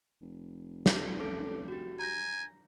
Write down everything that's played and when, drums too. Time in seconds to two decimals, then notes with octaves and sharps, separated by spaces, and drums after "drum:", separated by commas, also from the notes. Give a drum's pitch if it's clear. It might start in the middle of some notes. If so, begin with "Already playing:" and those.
0.22 F1
0.86 drum: snare
1.20 C#4 A4 D6
1.68 F#4 G4
1.99 G#5 A#5 G6 A#6